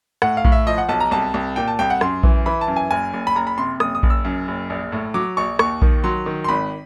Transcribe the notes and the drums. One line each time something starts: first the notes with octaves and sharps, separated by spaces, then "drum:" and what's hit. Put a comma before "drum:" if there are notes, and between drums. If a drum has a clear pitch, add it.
A2 F#5, drum: rim click
F5
A2, drum: kick A#1
E5
F3 D#5
F#5
B1 A5
A#5
C2 A5
C2
A#2 G5
A5
C2 G5
F#5
F#2 C6, drum: rim click
E3, drum: kick A#1
E3 B5
A5
F#2
G#5
F#1 G#5
F#1
B5
F#1 A#5
B5
C3 C6
F#1 D#6, drum: rim click
D#6
F#1, drum: kick A#1
E6
F#2
F#1
A#1
A2
F#3 D6
A#1 C#6
D#2 C#6, drum: rim click
D#3, drum: kick A#1
F#3 C6
D#3
C6
G#1 B5